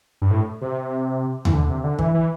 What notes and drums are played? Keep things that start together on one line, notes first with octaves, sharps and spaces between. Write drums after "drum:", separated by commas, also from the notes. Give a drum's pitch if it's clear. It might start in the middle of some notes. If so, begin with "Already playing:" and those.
G2
A2
C3
E3, drum: tom D#2
D3
C3
D3
E3, drum: kick
E3